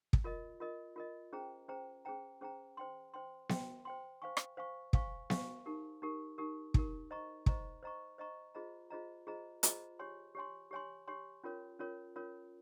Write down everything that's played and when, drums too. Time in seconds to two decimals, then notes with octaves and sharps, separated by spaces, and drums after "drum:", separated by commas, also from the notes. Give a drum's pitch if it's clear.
0.13 drum: kick
0.24 F4 A#4 D#5
0.60 F4 A#4 D#5
0.96 F4 A#4 D#5
1.33 C#4 G#4 C5 G5 A#5
1.68 C#4 G#4 C5 G5 A#5
2.05 C#4 G#4 C5 G5 A#5
2.41 C#4 G#4 C5 G5 A#5
2.77 C5 G5 C6
3.14 C5 G5 C6
3.49 C5 G5 C6, drum: snare B3
3.85 C5 G5 C6
4.22 C5 F5 G#5 C#6
4.37 drum: rim click
4.57 C5 F5 G#5 C#6
4.93 C5 F5 G#5 C#6, drum: kick
5.30 C5 F5 G#5 C#6, drum: snare B3
5.66 D#4 G4 A#4
6.02 D#4 G4 A#4
6.38 D#4 G4 A#4
6.74 D#4 G4 A#4, drum: kick
7.11 C5 D#5 A#5 C#6
7.46 C5 D#5 A#5 C#6, drum: kick
7.83 C5 D#5 A#5 C#6
8.18 C5 D#5 A#5 C#6
8.55 F4 G#4 C5 D#5 A#5
8.90 F4 G#4 C5 D#5 A#5
9.27 F4 G#4 C5 D#5 A#5
9.63 F4 G#4 C5 D#5 A#5, drum: hi-hat
9.99 G4 C#5 G#5 C6
10.35 G4 C#5 G#5 C6
10.71 G4 C#5 G#5 C6
11.08 G4 C#5 G#5 C6
11.44 C#4 F4 A#4 C#5
11.79 C#4 F4 A#4 C#5
12.16 C#4 F4 A#4 C#5